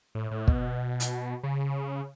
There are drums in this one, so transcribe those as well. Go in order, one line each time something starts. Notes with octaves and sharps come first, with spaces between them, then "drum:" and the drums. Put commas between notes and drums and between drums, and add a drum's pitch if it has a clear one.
A2
A2
B2, drum: kick
drum: hi-hat
C#3